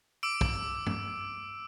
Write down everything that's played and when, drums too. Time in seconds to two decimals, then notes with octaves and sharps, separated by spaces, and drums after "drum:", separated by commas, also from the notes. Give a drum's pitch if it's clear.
0.23 D6 E6 D7
0.41 drum: kick
0.87 drum: tom G2